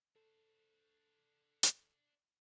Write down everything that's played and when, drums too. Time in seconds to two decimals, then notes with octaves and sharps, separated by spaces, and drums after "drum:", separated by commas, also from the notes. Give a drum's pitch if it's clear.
0.16 D4 A4 C5
1.63 drum: hi-hat